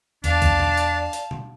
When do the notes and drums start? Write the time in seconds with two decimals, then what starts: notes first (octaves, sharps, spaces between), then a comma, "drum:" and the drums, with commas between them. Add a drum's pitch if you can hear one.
0.24 E2 D4 D5 F5 A5, drum: hi-hat
0.42 drum: kick B1, hi-hat
0.60 drum: tom B2
0.77 drum: hi-hat
1.13 drum: hi-hat
1.31 drum: tom B2